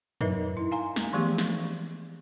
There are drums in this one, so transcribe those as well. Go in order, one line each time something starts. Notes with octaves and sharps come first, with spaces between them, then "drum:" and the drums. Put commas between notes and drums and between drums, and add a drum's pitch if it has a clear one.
F#3 D#4 A#4 B4 D#5 E5, drum: tom
E4
F5 G#5 A#5 C6
drum: snare
E3 F3 A3 B3 G4 G#4
drum: snare